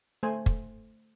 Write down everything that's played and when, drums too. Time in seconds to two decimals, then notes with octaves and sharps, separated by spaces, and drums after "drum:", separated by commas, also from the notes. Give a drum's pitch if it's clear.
0.23 A3 C5 G#5
0.46 drum: kick